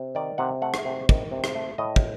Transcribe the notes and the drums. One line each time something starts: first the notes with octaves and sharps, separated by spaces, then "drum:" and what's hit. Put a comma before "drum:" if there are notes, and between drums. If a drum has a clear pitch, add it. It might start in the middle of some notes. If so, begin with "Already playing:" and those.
Already playing: C3
D#3 D5
C3 F#5
A3 F#5
drum: rim click
C3
D#3, drum: kick
C3
drum: rim click
A3
A2 D#5
drum: kick